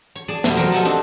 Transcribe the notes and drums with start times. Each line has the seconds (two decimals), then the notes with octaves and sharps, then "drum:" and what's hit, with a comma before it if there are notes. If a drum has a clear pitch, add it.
0.15 C#5
0.28 G#4 D5 A5
0.44 F2 B2 G3, drum: snare
0.56 F3 F#3 F4 F#4 A#4 C5
0.72 A4 C#5 D#5 F#5 G5 A5
0.85 C4 D4 D#4